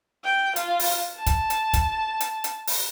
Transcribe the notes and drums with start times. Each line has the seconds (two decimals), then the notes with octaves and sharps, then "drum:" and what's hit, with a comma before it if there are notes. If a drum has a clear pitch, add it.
0.24 G5
0.56 F4, drum: hi-hat
0.80 drum: open hi-hat
1.17 A5
1.26 drum: kick, hi-hat
1.50 drum: hi-hat
1.73 drum: kick, hi-hat
2.20 drum: hi-hat
2.44 drum: hi-hat
2.67 drum: open hi-hat